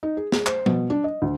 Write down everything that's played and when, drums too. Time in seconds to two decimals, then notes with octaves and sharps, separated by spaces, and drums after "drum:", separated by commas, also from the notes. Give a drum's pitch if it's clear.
0.03 D#4
0.17 G#4
0.32 G#4, drum: snare
0.46 C5, drum: clap
0.66 B2, drum: tom F3
0.90 D4
1.04 D#5
1.22 D2